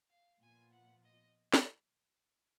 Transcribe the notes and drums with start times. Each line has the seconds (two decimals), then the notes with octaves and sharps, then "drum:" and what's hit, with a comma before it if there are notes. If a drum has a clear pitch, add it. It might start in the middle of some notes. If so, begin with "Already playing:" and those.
0.10 F5
0.41 A#2 F3 B3 F4 G#5
0.72 F#5
1.04 D#5
1.54 drum: snare